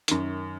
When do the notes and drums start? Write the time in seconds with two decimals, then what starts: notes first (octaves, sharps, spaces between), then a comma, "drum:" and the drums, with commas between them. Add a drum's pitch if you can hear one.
0.08 F#2 D#3, drum: hi-hat